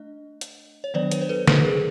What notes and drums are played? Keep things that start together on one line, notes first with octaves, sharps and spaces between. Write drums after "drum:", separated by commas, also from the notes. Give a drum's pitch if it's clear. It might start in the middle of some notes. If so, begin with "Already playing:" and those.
Already playing: A3 D4 D#5
drum: hi-hat
C#5
D#3 F#3 B3 D4 C5 D5
B4 C#5, drum: hi-hat
C5
A4 B4
A4 B4, drum: snare
G#4 A#4